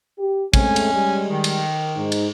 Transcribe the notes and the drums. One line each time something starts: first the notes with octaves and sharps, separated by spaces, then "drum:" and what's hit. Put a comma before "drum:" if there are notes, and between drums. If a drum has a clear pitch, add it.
G4
G#3 A3 C4 C#4 G#5, drum: kick, cymbal
drum: cymbal
G3 G#3
D#3
drum: cymbal
G#2 D#4
drum: cymbal